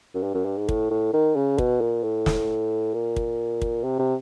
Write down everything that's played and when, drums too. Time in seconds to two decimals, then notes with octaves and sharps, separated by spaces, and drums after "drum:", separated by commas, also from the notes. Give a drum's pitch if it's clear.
0.14 F#2
0.23 G2
0.34 F#2
0.45 G2
0.57 G#2
0.69 A2, drum: kick
0.91 A2
1.13 D#3
1.36 C#3
1.58 B2, drum: kick
1.81 A#2
2.03 A2
2.26 drum: snare
2.94 A#2
3.16 drum: kick
3.62 drum: kick
3.84 C3
3.99 C3